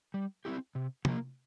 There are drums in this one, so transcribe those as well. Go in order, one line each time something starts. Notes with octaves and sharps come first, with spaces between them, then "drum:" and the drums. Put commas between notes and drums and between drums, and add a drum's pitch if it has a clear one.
G3
C4 E4 G4
C3
F3 A#3, drum: tom